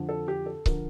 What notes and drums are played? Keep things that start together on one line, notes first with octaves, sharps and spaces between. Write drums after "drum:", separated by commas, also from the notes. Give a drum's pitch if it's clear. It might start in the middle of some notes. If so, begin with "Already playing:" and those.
Already playing: F2 D3 F3
A4
G4
A4
D3 F3 A#4, drum: kick C#1